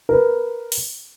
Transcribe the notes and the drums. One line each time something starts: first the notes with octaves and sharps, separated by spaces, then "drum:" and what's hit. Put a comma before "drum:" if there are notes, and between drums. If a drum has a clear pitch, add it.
A#4 B4
drum: open hi-hat